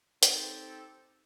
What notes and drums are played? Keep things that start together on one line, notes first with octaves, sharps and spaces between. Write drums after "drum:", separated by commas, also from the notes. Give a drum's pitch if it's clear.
C4 D#4 G4 A4, drum: hi-hat